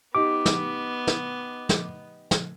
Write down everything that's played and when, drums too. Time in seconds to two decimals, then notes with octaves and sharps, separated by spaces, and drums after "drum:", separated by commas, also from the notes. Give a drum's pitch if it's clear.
0.15 B3 D#4 G4 D6
0.45 drum: snare
1.07 drum: snare
1.69 drum: snare
2.31 drum: snare